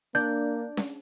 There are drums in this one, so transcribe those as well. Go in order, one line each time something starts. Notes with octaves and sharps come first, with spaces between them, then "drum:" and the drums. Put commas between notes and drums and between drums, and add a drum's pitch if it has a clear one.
A#3 D4 G6
drum: snare C#4